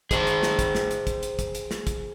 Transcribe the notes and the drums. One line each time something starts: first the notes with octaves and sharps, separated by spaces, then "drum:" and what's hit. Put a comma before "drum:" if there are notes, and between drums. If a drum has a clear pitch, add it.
G#4 C5 G5, drum: kick, hi-hat
drum: hi-hat
drum: snare
drum: kick, hi-hat
drum: snare
drum: hi-hat
drum: kick, hi-hat
drum: hi-hat
drum: kick, hi-hat
drum: hi-hat
drum: snare
drum: kick, hi-hat